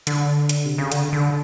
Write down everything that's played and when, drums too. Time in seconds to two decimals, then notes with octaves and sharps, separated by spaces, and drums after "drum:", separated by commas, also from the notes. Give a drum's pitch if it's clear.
0.07 D3, drum: hi-hat
0.49 drum: hi-hat
0.65 C3
0.78 C#3
0.92 D3, drum: hi-hat
1.13 D3